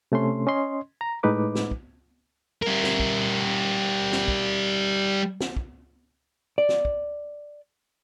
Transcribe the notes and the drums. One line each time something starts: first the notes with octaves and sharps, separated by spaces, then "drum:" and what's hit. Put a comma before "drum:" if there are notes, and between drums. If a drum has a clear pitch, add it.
C3 A3 C#4 C6
C#4 D#5 C6
A#5
A2 G#3 D#4 B4 D6
drum: snare
drum: kick
G3 A#4
drum: snare
drum: kick
drum: snare
drum: kick
drum: snare
drum: kick
D5
drum: snare
drum: kick